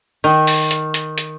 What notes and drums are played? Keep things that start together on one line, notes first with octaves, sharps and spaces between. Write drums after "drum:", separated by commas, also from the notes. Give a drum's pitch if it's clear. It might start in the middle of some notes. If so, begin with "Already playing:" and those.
D#3
drum: open hi-hat
drum: hi-hat
drum: hi-hat
drum: hi-hat